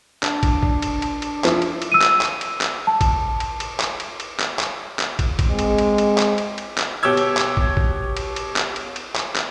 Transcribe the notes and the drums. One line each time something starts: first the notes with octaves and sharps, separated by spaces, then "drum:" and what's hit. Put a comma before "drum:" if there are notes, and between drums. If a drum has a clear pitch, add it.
D4, drum: clap
drum: kick, cymbal
drum: kick
drum: cymbal
drum: cymbal
drum: cymbal
F3 E4, drum: clap
drum: cymbal
drum: cymbal
E6 D#7
drum: clap
drum: clap
drum: cymbal
drum: clap
A5
drum: kick, cymbal
drum: cymbal
drum: cymbal
drum: clap
drum: cymbal
drum: cymbal
drum: clap
drum: clap
drum: clap
drum: kick, cymbal
drum: kick, cymbal
G#3 C4
drum: cymbal
drum: cymbal
drum: cymbal
drum: clap
drum: cymbal
drum: cymbal
drum: clap
B2 G4 C#5 E6 G#6
drum: cymbal
drum: clap
drum: kick
drum: kick
drum: cymbal
drum: cymbal
drum: clap
drum: cymbal
drum: cymbal
drum: clap
drum: clap